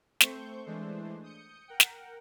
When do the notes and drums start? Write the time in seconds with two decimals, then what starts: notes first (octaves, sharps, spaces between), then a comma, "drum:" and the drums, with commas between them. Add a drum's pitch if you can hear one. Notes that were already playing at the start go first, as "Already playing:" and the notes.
0.20 A3 C4 C5 C#6 G6, drum: snare
0.66 E3 G#3 A3 D4 C5
1.23 D#6 G6 C#7
1.68 A#4 F#5 G5
1.80 drum: snare